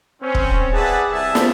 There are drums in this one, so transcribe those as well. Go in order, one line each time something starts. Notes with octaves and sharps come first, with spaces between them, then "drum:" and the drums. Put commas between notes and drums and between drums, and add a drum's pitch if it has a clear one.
C4 C#4
drum: kick
G#4 B4 D5 E5 F#5 A5
C2 G#4 E5 A5
drum: snare